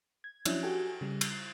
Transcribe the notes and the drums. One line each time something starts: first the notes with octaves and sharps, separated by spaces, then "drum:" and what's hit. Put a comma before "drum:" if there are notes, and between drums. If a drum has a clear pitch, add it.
G#6
F3 F#3 C#4 D4 E4, drum: cymbal
F#4 G4 A4 G#5
C#3 G3
C7, drum: cymbal